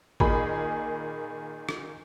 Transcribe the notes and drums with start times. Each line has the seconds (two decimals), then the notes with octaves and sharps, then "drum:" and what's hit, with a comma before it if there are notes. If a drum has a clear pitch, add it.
0.20 A#2 D#3 G#4 B5, drum: kick G#1
1.69 drum: rim click